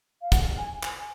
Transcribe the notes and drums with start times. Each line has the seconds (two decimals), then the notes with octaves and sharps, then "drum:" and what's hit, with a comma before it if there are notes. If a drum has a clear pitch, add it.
0.22 F5
0.32 F#5, drum: kick, hi-hat
0.58 G#5
0.83 G#5, drum: clap